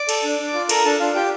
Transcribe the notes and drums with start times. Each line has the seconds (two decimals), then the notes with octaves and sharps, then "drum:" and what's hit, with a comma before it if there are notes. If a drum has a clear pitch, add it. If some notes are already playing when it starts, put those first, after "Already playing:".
Already playing: D5 D6
0.09 A4, drum: cymbal
0.24 D4
0.39 D4
0.54 F4
0.69 A4 A#4 A#5, drum: cymbal
0.85 D4 A4 A5
1.00 D4 F4 F5
1.15 F4 G4 G5